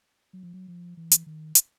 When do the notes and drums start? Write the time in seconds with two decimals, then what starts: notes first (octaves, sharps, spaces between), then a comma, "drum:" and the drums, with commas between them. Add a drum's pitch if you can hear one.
0.33 F#3
0.43 F3
0.53 F#3
0.68 F3
0.97 E3
1.11 drum: hi-hat
1.26 D#3
1.55 drum: hi-hat